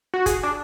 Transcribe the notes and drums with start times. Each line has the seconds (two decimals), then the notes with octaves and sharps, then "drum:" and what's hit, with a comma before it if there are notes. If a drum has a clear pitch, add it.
0.14 F#4
0.26 G#4, drum: kick, hi-hat
0.43 D4